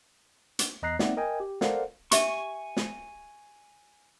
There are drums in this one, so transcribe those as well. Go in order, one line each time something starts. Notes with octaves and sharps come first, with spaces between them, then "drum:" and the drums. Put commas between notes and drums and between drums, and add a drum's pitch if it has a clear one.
drum: hi-hat
E2 D#5 A#5 F#6 A#6 C7
A#3 C4 D#4 D5 E5 F#5, drum: snare
A#4 D#5 G5 G#5
G4
A4 A#4 C5 D5 F5 F#5, drum: snare
G4 E5 G#5 C#6, drum: hi-hat
drum: snare